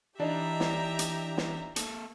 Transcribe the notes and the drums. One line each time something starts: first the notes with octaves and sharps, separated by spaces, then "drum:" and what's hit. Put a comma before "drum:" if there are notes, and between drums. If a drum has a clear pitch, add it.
E3 D4 D#4 G4 E5 A#5
drum: snare
drum: hi-hat
drum: snare
A#3 A4, drum: hi-hat